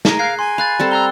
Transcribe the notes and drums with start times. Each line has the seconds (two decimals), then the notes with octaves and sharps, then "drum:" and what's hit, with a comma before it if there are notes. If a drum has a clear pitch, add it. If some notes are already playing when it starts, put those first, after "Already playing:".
0.05 G#4 A#4, drum: snare
0.19 F5 F#6 G#6 C7
0.39 G#5 C6
0.58 F5 B5 F#6 A6
0.79 G3 C4 A4
0.91 A#5 E6 F#6 G7